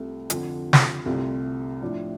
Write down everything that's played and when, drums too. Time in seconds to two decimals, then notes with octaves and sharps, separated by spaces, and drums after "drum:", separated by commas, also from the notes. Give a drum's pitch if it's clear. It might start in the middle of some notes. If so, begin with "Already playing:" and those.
Already playing: C2 C3 A3 C4 F4
0.30 F2 D3 F3 C4, drum: hi-hat
0.73 drum: snare
1.05 C2 C3 A3 C4 F4
1.82 A2 F3 D4